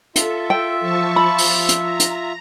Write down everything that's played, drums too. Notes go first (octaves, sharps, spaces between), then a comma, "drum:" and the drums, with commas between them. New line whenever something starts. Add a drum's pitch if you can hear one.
F4 A4 E5, drum: hi-hat
G5 E6
F3 A5 C#6
B5
drum: open hi-hat
drum: hi-hat
A#5
drum: hi-hat